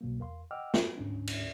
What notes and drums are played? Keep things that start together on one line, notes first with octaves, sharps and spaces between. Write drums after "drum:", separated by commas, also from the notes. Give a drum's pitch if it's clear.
C2 B2 F#3 A#3
E2 A#4 F5 C6
D#5 F#5 G5 D6 E6 F6
F#4 A4 A#4, drum: snare
D2 G#2 C#3 C#4 D4
drum: cymbal